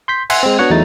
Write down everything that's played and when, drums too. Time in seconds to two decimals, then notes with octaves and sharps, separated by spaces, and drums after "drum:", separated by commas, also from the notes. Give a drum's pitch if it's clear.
0.08 C6 G6 B6
0.30 E5 F#5 G#5 C6, drum: cymbal
0.43 G#3 C4
0.59 B3 D4 F#4 C#5 F#5
0.70 E2 F#3 A3 D#4 A6